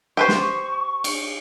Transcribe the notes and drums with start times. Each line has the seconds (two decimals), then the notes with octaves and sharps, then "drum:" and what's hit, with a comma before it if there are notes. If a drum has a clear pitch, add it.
0.17 G4 B4 C5 C#6
0.28 drum: snare
1.04 drum: cymbal